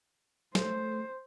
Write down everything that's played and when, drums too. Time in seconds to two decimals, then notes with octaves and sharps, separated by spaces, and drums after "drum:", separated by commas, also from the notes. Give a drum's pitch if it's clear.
0.55 F#3 A3 C5, drum: snare